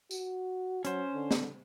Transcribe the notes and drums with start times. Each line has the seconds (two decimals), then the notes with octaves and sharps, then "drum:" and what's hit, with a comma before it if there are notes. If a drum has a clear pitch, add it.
0.11 F#4, drum: tambourine
0.85 F#3 C#4 C5, drum: hi-hat
1.14 D3
1.31 drum: snare C4